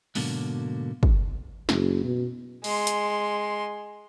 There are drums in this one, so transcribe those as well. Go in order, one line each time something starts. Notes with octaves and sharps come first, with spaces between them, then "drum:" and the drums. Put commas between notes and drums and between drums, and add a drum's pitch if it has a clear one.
G#2 B2 D3 F#3 A#3, drum: open hi-hat
drum: kick
F#1, drum: snare
B2
G#3 C6, drum: open hi-hat
drum: hi-hat